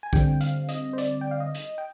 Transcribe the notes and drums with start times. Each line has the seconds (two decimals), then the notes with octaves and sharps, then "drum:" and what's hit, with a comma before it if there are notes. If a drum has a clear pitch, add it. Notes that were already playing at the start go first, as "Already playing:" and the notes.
0.03 G#5
0.13 D3 G3 C4 G5, drum: kick
0.41 F5, drum: hi-hat
0.69 D#5, drum: hi-hat
0.93 C5
0.98 D5, drum: hi-hat
1.21 G5
1.31 F5
1.40 D#5
1.55 drum: hi-hat
1.78 G5